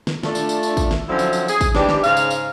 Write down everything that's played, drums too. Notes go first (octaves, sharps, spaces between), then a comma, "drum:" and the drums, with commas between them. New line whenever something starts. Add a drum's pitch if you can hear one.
drum: snare
A3 D4 F4, drum: snare
drum: tambourine
drum: tambourine
drum: tambourine
drum: kick, tambourine
drum: snare
D3 F3 F#3 C4 C#4 E4
drum: tambourine
drum: tambourine
G#4, drum: tambourine
drum: kick, tambourine
G#2 E3 D4 G4, drum: snare
drum: snare
G#2 C#3 F5, drum: tambourine
drum: tambourine
drum: tambourine